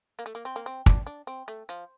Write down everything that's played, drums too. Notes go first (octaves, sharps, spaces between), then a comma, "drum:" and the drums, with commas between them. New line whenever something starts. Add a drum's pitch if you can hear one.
A#3
A3
A#3
C4
A#3
C4
D4, drum: kick
D4
C4
A3
F3